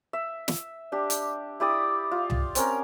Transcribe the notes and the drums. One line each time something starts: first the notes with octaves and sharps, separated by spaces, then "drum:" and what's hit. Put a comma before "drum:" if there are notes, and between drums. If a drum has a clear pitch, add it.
E5
drum: snare
D4 G4
drum: hi-hat
E4 G4 D5 D#6
F4
drum: tom C2
C4 C#4 A#4, drum: hi-hat